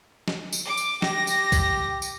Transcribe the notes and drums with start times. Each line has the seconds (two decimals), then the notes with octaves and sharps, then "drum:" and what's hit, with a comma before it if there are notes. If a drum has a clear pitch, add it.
0.28 drum: snare
0.53 drum: tambourine
0.65 D6
0.77 drum: tambourine
1.02 G4 A#6, drum: snare
1.27 drum: tambourine
1.52 drum: kick B1, tambourine
2.02 drum: tambourine